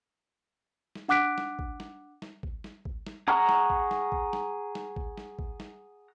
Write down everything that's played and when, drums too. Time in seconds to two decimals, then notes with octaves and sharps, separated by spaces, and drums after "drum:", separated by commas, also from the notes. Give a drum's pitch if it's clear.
0.95 drum: snare
1.08 D4 F#5 D6 F#6 B6 D7
1.38 drum: snare
1.59 drum: kick
1.80 drum: snare
2.22 drum: snare
2.43 drum: kick
2.64 drum: snare
2.85 drum: kick
3.06 drum: snare
3.28 G#4 F#5 A#5 C#6 F6
3.49 drum: snare
3.70 drum: kick
3.91 drum: snare
4.12 drum: kick
4.33 drum: snare
4.75 drum: snare
4.96 drum: kick
5.18 drum: snare
5.39 drum: kick
5.60 drum: snare